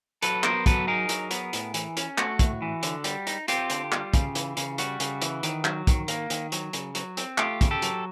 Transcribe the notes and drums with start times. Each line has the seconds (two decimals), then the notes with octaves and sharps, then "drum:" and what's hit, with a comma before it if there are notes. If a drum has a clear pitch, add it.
0.22 F#3 A4 B4, drum: hi-hat
0.44 B3 A#4 C5, drum: clap
0.66 F#3 A4 B4, drum: kick, hi-hat
0.87 D#4 G#4 A#4
1.09 F#3, drum: hi-hat
1.31 B3, drum: hi-hat
1.53 A2, drum: hi-hat
1.74 E3, drum: hi-hat
1.97 C#4, drum: hi-hat
2.18 A3 F#4, drum: clap
2.39 A2, drum: kick, hi-hat
2.62 E3
2.83 D3, drum: hi-hat
3.04 G3, drum: hi-hat
3.27 D#4, drum: hi-hat
3.48 C4 F4 G4, drum: hi-hat
3.70 D3, drum: hi-hat
3.92 G3, drum: clap
4.14 C#3, drum: kick, hi-hat
4.35 E3, drum: hi-hat
4.57 C#3, drum: hi-hat
4.78 G3 F#4, drum: hi-hat
5.00 C#3, drum: hi-hat
5.22 E3, drum: hi-hat
5.43 D#3, drum: hi-hat
5.65 F#3, drum: clap
5.87 D#3, drum: kick, hi-hat
6.08 A#3, drum: hi-hat
6.30 D#3, drum: hi-hat
6.52 F#3, drum: hi-hat
6.73 C#3, drum: hi-hat
6.95 F#3, drum: hi-hat
7.17 C4, drum: hi-hat
7.38 A3 F4 G4, drum: clap
7.61 C#3, drum: kick, hi-hat
7.71 G4 A4
7.82 F#3, drum: hi-hat